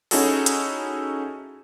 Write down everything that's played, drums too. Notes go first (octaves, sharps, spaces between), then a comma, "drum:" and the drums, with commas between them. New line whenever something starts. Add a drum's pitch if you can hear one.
C#4 D#4 E4 F#4 G#4 A4, drum: open hi-hat
drum: hi-hat